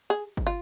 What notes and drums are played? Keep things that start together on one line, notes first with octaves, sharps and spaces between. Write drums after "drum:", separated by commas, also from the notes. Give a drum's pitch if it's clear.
G#4
drum: kick
F4